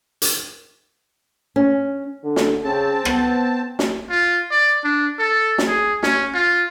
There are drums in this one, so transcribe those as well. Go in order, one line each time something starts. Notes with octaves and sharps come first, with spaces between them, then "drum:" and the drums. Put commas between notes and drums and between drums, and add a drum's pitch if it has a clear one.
drum: hi-hat
C#4
D3
drum: snare
C#3 C4 A5
B3, drum: rim click
drum: snare
F4
D5
D4
A4
drum: snare
G#4
C#4, drum: snare
F4